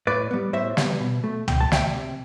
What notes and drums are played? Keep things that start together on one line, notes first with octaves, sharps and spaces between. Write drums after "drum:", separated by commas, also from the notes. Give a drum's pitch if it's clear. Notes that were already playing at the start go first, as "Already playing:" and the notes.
A2 B4 D5
G3 B3
A2 C5 E5
G3 B3, drum: snare
B2
A3
B2 G5, drum: tom
A5
A3 E5 G5, drum: snare
C3